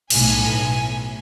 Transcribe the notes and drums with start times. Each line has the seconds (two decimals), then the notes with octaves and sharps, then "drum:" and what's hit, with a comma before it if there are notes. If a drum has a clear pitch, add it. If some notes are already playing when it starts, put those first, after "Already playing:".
0.10 B1 A2 G#5, drum: cymbal